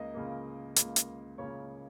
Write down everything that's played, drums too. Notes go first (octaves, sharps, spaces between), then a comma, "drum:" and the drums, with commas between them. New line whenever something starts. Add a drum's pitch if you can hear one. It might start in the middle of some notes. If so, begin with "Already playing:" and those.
Already playing: C#2 C#3 A#3 A#4 D#5
C#2 C#3 A#3
C#2 C#3 A#3, drum: hi-hat
drum: hi-hat
C#2 C#3 A#3 C#5